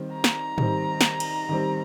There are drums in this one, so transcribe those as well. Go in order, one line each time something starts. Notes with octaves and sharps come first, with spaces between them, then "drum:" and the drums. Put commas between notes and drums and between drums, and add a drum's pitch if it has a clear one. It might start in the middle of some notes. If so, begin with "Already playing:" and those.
Already playing: D#3 G3 C4
A#5
drum: snare
D#3 G3 C4, drum: tom
drum: snare
drum: cymbal
D#3 G3 C4